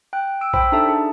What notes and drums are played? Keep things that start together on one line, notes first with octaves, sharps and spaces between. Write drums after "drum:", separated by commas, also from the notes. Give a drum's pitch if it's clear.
G5 F#6
E6 D7
C5 G5 B5 E6 B6, drum: kick A#1
D4 D#4 G4 A4 E5 A5
G#4